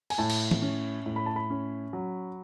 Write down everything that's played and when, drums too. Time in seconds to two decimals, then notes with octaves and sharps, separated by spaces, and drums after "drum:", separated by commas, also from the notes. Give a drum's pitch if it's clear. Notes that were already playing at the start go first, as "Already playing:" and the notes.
0.10 G#5, drum: cymbal
0.18 A2 A5
0.30 drum: cymbal
0.51 drum: tom E3
0.62 C#4
1.06 A2
1.16 B5
1.26 A5
1.36 B5
1.50 C#4
1.93 F#3